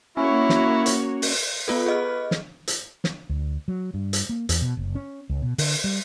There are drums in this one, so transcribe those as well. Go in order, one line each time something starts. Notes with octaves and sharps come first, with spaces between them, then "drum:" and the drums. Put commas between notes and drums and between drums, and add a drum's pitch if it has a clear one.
A#3 C#4 E4 F#4 C#5
drum: snare
drum: hi-hat
drum: open hi-hat
B3 F4 A4 B4
G#4 D#5 F6
drum: snare
drum: hi-hat
drum: snare
D2
F#3
G2
drum: hi-hat
A#3
E2, drum: hi-hat
B2
F#1
C#4
C#2
B2
D3, drum: open hi-hat
G3